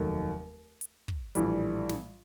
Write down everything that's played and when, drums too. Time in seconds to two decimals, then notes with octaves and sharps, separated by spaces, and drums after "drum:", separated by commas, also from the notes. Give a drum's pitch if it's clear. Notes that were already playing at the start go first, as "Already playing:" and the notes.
Already playing: F1 D#2 D#3 F#3 A3
0.81 drum: hi-hat
1.08 drum: kick
1.35 A#1 A2 E3 G3, drum: hi-hat
1.89 drum: snare